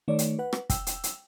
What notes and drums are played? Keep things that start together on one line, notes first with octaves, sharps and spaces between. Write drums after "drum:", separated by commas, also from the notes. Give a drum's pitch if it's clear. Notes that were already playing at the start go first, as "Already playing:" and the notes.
D#3 A3 C#5 D5
drum: hi-hat
B4 F#5
drum: rim click
G5 E6, drum: kick, hi-hat
drum: hi-hat
drum: hi-hat